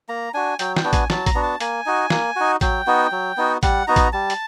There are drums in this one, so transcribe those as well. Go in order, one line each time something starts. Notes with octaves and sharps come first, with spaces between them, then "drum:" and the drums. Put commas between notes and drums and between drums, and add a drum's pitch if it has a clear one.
A#3 A#5
D4 F#4 G#5
F#3 G5, drum: hi-hat
G5, drum: snare
B3 D4 F#4
G#5, drum: kick A1, hi-hat
F#3 A5, drum: snare
A#5, drum: kick A1, hi-hat
B3 D4 F#4
A5
A#3 G#5, drum: hi-hat
D#4 F#4
A#3, drum: snare
D#4 F#4
F#3 G5, drum: kick A1, hi-hat
B3 D#4 F#4
F#3
B3 D#4 F#4
G3 F#5, drum: kick A1, hi-hat
B3 D#4 F#4 A#5
drum: kick A1, hi-hat
G3 A5
drum: hi-hat